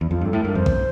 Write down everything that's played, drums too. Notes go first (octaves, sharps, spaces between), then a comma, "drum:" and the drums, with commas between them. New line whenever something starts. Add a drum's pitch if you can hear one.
E2
F2 F4
G2 A4
A2
G2 A#4
F2 C5
drum: kick